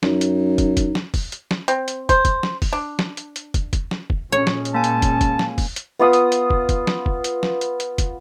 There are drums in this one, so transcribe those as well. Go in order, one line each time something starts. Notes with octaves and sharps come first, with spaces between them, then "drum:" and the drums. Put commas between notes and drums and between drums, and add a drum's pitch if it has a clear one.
F#2 D#4, drum: snare
drum: hi-hat
drum: kick, hi-hat
drum: kick, hi-hat
drum: snare
drum: kick, open hi-hat
drum: hi-hat
drum: snare
C4, drum: hi-hat
drum: hi-hat
C5, drum: kick, hi-hat
drum: kick, hi-hat
drum: snare
drum: kick, open hi-hat
D4
drum: snare
drum: hi-hat
drum: hi-hat
drum: kick, hi-hat
drum: kick, hi-hat
drum: snare
drum: kick
A#2 G#3 C#4 C#5
drum: snare
drum: hi-hat
A#3 G#5 A5
drum: hi-hat
drum: kick, hi-hat
drum: kick, hi-hat
drum: snare
drum: kick, open hi-hat
drum: hi-hat
B3 F4 D#6
drum: hi-hat
drum: hi-hat
drum: kick
drum: kick, hi-hat
drum: snare
drum: kick
drum: hi-hat
drum: snare
drum: hi-hat
drum: hi-hat
drum: kick, hi-hat